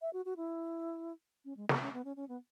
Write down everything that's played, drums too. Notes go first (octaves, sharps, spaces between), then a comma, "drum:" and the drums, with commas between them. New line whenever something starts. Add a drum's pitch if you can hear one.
E5
F#4
F#4
E4
C#4
G#3
B3, drum: snare
C#4
B3
C#4
C#4
B3